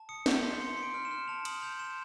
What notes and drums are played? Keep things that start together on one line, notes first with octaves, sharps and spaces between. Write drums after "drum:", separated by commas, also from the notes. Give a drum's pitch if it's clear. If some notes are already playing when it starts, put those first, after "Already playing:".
Already playing: A5
D#6 C#7
G6 C7, drum: snare
C6 B6
C6 C#7
C6
D7
F6
E7
F6
A5 F7
D#6 F#7, drum: cymbal
G6 F7
C6 E7